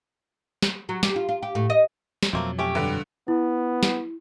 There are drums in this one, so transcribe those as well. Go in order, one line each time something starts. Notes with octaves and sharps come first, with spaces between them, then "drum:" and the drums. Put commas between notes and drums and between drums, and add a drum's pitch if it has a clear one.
drum: snare
F#3
G4, drum: snare
F4
F4
G4
A2
D#5
drum: snare
F2 B2 F#3 A3 A#3 C4
A3 C#4 G4
G2 D3 B4
B3 E4
drum: snare